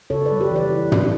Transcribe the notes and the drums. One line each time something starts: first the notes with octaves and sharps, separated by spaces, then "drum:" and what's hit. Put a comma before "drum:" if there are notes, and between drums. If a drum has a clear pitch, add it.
C#3 A4 C#5
B4 D5
G3
G4 B4
E3 B4 D5
E4
C#4, drum: tom